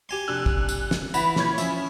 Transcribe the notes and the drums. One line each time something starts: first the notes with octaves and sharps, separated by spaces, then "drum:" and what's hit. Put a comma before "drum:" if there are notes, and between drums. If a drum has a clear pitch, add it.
G4 G#5 C6
F1 D4 E6 F#6
drum: kick
drum: tambourine
drum: snare
E3 F#5 B5 B6, drum: tambourine
A#2 C#5 G#6, drum: snare
F3 C#4 E5, drum: tambourine